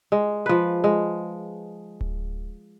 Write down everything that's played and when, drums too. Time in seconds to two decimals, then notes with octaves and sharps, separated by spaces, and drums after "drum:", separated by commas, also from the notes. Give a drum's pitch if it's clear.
0.12 G#3
0.46 F3 B4
0.84 G#3
2.01 drum: kick D1